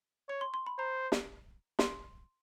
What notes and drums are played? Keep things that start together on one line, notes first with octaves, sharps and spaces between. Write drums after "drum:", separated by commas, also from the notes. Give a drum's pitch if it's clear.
C#5 C#6
C6
C6
B5
C5 A#5
drum: snare
C6, drum: snare